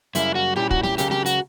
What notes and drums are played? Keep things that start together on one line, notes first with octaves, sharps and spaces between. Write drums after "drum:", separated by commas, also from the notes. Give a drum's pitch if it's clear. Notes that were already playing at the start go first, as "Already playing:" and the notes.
F#2 C#3 G3 A#3 E4, drum: hi-hat
F#4
A#2 G3 C#4 E4 G4
F#4, drum: kick
G4, drum: snare
C#2 C#3 F#3 A#3 G4, drum: hi-hat
G4, drum: snare
F#4, drum: hi-hat